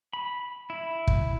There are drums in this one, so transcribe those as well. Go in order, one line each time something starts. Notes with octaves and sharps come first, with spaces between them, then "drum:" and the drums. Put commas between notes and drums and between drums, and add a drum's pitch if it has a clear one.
B5
E4
drum: kick